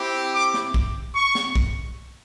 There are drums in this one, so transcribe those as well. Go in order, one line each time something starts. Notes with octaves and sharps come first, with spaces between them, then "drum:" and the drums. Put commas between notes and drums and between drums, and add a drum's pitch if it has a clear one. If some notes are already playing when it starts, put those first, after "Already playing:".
Already playing: C4 E4 G4
D6
drum: snare
drum: kick
C#6
drum: snare
drum: kick